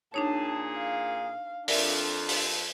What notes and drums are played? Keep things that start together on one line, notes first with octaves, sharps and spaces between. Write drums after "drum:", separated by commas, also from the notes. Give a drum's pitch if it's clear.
A#2 D4 D#4 G#4 C#5 A5
F5
F2 D4 A#4 D5 E5, drum: open hi-hat
drum: open hi-hat